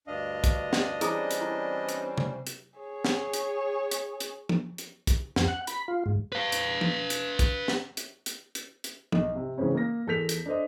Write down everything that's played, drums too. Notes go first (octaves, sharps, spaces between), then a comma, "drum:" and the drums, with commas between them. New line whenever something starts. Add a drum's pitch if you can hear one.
D2 G2 D4 D#5 F5
drum: kick, hi-hat
drum: snare
E3 G3 C4 C#4 E4 G#4 D#6, drum: hi-hat
drum: hi-hat
E4
drum: hi-hat
drum: tom C3
drum: hi-hat
G#4 C#5
drum: snare
drum: hi-hat
drum: hi-hat
drum: hi-hat
drum: tom
drum: hi-hat
drum: kick, hi-hat
F2, drum: snare
F#5
B5, drum: hi-hat
F4
G#2
B4 F5
drum: hi-hat
drum: tom
drum: hi-hat
drum: kick, hi-hat
drum: snare
drum: hi-hat
drum: hi-hat
drum: hi-hat
drum: hi-hat
B1, drum: tom
C3
C#3 E3 G#3 C4 C#4
A#3 A#6
E2 A4 A#4 G6 B6 F7
drum: hi-hat
D4 A4 C5 D#5